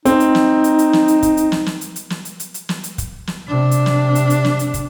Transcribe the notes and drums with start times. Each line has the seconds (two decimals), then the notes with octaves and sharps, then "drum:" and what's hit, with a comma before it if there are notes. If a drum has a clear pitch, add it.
0.05 C4 D#4, drum: hi-hat
0.20 drum: hi-hat
0.35 drum: snare
0.64 drum: hi-hat
0.79 drum: hi-hat
0.93 drum: snare
1.08 drum: hi-hat
1.23 drum: kick, hi-hat
1.37 drum: hi-hat
1.52 drum: snare
1.66 drum: snare
1.81 drum: hi-hat
1.96 drum: hi-hat
2.10 drum: snare
2.25 drum: hi-hat
2.40 drum: hi-hat
2.54 drum: hi-hat
2.69 drum: snare
2.84 drum: hi-hat
2.98 drum: kick, hi-hat
3.27 drum: snare
3.48 C3 D4
3.71 drum: hi-hat
3.86 drum: snare
4.15 drum: hi-hat
4.30 drum: hi-hat
4.45 drum: snare
4.59 drum: hi-hat
4.74 drum: kick, hi-hat